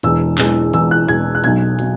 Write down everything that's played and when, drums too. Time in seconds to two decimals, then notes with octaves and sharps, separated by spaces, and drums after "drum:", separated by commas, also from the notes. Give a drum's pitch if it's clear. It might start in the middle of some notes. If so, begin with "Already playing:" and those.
0.03 E1 E2 E3 G#3 E6, drum: hi-hat
0.38 E1 E2 E3 G#3, drum: clap
0.74 E1 E2 E3 G#3 E6, drum: hi-hat
0.91 F#6
1.08 E1 E2 E3 G#3 G#6, drum: hi-hat
1.35 F#6
1.44 B1 B2 F#3 G#6, drum: hi-hat
1.79 B2 F#3, drum: hi-hat